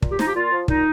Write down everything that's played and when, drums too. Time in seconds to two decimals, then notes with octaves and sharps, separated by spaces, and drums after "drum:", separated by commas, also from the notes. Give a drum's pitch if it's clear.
0.02 A#2, drum: kick
0.11 G4
0.19 F3 D#4, drum: snare
0.27 G4
0.35 A#2 F4
0.52 F3
0.68 A#2 D#4, drum: kick